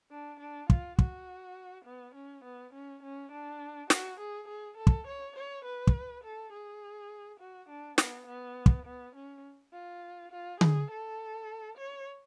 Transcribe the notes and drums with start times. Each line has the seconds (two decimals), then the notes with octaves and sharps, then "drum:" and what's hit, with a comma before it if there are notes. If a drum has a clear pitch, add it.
0.11 D4
0.40 D4
0.70 F4, drum: kick
0.99 F#4, drum: kick
1.85 B3
2.15 C#4
2.44 B3
2.73 C#4
3.03 C#4
3.32 D4
3.90 F#4, drum: snare
4.20 G#4
4.48 G#4
4.77 A4
4.87 drum: kick
5.07 C#5
5.36 C#5
5.65 B4
5.87 drum: kick
6.24 A4
6.53 G#4
7.40 F#4
7.69 D4
7.98 B3, drum: snare
8.27 B3
8.66 drum: kick
8.85 B3
9.15 C#4
9.73 F4
10.32 F4
10.61 G#4, drum: tom D3
10.90 A4
11.78 C#5